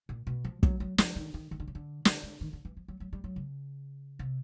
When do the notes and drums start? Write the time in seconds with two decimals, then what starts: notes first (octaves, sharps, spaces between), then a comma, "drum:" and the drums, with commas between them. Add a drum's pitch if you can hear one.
0.09 A#2
0.27 B2
0.45 F3
0.63 F#3, drum: kick
0.80 F#3
0.98 F3, drum: snare
1.16 D#3
1.34 D#3
1.51 D#3
1.60 D3
1.68 C#3
1.75 D3
2.05 D3, drum: snare
2.23 D3
2.41 D#3
2.53 D3
2.65 E3
2.77 F3
2.88 F#3
3.00 F#3
3.13 G3
3.24 F#3
3.36 C#3
4.19 C3